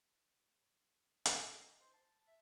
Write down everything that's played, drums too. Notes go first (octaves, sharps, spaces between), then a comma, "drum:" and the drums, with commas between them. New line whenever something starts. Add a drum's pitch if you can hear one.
D#5, drum: hi-hat
D#4
C5
A5
E5